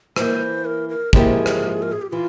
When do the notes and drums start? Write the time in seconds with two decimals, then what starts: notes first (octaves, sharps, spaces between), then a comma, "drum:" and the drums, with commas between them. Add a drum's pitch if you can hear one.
0.16 E3 A#3 E4 C5, drum: rim click
0.65 A#4
0.89 A#4
1.13 G#2 F3 A#3 E4 G4 G#4, drum: kick
1.46 drum: rim click
1.82 A#4
1.92 G#4
2.02 G4
2.11 E3 F4